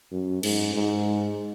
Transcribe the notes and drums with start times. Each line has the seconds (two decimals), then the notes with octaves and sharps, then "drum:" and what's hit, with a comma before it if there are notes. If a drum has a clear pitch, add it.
0.12 F#2
0.43 G#2, drum: cymbal
0.75 G#2